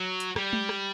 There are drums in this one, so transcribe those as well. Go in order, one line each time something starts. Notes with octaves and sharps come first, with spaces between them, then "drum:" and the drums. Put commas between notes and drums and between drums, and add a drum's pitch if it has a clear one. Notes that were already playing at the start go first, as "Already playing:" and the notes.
Already playing: F#3
drum: hi-hat
G3, drum: rim click
drum: tom G#3
drum: rim click